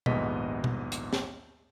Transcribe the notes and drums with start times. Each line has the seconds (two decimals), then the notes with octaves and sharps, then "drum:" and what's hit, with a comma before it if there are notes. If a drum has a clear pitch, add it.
0.06 A#1 D#2 G#2 B3 D#5 B6, drum: tom B2
0.64 drum: tom B2
0.92 drum: hi-hat
1.13 drum: snare